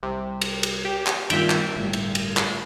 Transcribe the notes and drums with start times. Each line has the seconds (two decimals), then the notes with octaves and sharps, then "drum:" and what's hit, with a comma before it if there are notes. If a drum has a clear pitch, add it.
0.03 C2 C3
0.41 drum: cymbal
0.63 drum: cymbal
0.85 G4
1.07 drum: clap
1.30 G2 A#2 D#3 E5 G5, drum: cymbal
1.50 drum: clap
1.76 G1 A2 G3
1.93 drum: cymbal
2.15 drum: cymbal
2.37 drum: clap